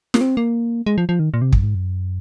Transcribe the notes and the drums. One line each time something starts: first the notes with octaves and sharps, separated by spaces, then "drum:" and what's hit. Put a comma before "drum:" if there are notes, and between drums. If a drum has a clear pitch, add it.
A#3, drum: snare
C4
A#3
G#3
F3
F3
D#3
A#2
C3
F#2, drum: kick
G#2
F#2